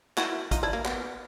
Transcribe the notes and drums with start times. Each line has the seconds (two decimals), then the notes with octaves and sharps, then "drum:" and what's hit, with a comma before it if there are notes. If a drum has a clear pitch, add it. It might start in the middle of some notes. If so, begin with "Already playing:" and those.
0.17 E4 F#4, drum: clap
0.51 D#4 F4, drum: kick A1, hi-hat
0.63 D4 E4
0.73 A#3
0.85 B3, drum: clap